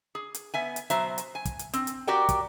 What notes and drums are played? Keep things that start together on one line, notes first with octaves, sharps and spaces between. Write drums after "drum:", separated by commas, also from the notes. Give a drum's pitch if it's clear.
G#4
drum: hi-hat
B3 E5 G#5
drum: hi-hat
B2 F#3 C5 E5, drum: hi-hat
drum: hi-hat
G#5
drum: kick, hi-hat
drum: hi-hat
C4, drum: hi-hat
drum: hi-hat
F#4 G4 A#4 D5 F#5 G5
drum: kick, hi-hat